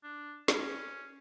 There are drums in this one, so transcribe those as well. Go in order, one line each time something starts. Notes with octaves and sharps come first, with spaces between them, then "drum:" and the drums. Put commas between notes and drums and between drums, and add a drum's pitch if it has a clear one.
D4
C#4, drum: snare